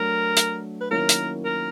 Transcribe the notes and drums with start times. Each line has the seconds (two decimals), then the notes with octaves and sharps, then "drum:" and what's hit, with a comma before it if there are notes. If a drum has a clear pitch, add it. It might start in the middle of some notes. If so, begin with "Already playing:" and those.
Already playing: F#3 A3 D4 A#4
0.37 drum: hi-hat
0.81 B4
0.91 D#3 F#3 A#3 C#4 E4 A#4
1.09 drum: hi-hat
1.45 A#4